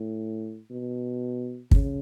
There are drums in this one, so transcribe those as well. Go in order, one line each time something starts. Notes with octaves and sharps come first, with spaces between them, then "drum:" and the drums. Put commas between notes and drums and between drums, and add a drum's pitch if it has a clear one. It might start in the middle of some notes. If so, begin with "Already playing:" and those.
Already playing: A2
B2
C#3, drum: kick